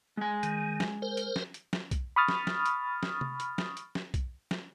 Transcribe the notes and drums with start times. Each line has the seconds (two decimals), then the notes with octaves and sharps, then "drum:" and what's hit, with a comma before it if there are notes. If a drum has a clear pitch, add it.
0.17 G#3 G#5
0.43 D#3, drum: hi-hat
0.80 drum: snare
1.02 A#4 C5
1.17 drum: hi-hat
1.36 drum: snare
1.54 drum: hi-hat
1.73 drum: snare
1.91 drum: kick, hi-hat
2.16 B5 C#6 D#6 F6 A6
2.28 drum: snare
2.47 drum: snare
2.66 drum: hi-hat
3.03 drum: snare
3.21 drum: tom C3
3.40 drum: hi-hat
3.58 drum: snare
3.77 drum: hi-hat
3.95 drum: snare
4.14 drum: kick, hi-hat
4.51 drum: snare